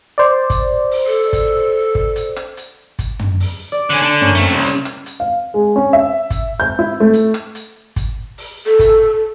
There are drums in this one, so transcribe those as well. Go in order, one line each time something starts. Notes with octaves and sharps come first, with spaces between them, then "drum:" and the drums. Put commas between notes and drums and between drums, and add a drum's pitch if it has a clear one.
C5 D5
drum: kick, hi-hat
drum: open hi-hat
A4
drum: kick, hi-hat
drum: kick
drum: hi-hat
drum: rim click
drum: hi-hat
drum: kick, hi-hat
drum: tom
drum: open hi-hat
D5
D3 C#4
D3
A#3 C#4, drum: tom
A3 C4
C2
drum: hi-hat
drum: rim click
drum: hi-hat
F5
G#3
C#4
E5
drum: kick, hi-hat
G6
E4
A3
drum: hi-hat
drum: rim click
drum: hi-hat
drum: kick, hi-hat
drum: open hi-hat
A4
drum: kick, hi-hat